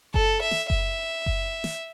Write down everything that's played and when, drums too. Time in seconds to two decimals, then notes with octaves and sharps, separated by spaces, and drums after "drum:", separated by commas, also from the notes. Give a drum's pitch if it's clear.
0.14 A4, drum: kick F#1
0.41 E5
0.51 drum: snare
0.70 E5, drum: kick F#1
1.26 drum: kick F#1
1.64 drum: snare